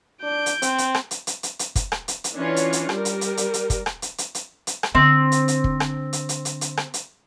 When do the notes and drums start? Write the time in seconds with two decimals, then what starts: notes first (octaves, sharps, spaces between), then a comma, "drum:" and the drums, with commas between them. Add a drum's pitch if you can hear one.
0.23 D4 G6 D7
0.46 drum: hi-hat
0.62 C4, drum: hi-hat
0.78 drum: hi-hat
0.95 drum: rim click
1.11 drum: hi-hat
1.27 drum: hi-hat
1.43 drum: hi-hat
1.59 drum: hi-hat
1.75 drum: kick, hi-hat
1.92 drum: rim click
2.08 drum: hi-hat
2.24 drum: hi-hat
2.34 E3 C#4 D4 F4 C#5
2.56 drum: hi-hat
2.73 drum: hi-hat
2.89 G3 A#4, drum: rim click
3.05 drum: hi-hat
3.21 drum: hi-hat
3.37 drum: hi-hat
3.54 drum: hi-hat
3.70 drum: kick, hi-hat
3.86 drum: rim click
4.02 drum: hi-hat
4.18 drum: hi-hat
4.35 drum: hi-hat
4.67 drum: hi-hat
4.83 drum: rim click
4.95 D3 C4
5.32 drum: hi-hat
5.48 drum: hi-hat
5.64 drum: kick
5.80 drum: rim click
6.13 drum: hi-hat
6.29 drum: hi-hat
6.45 drum: hi-hat
6.61 drum: hi-hat
6.77 drum: rim click
6.94 drum: hi-hat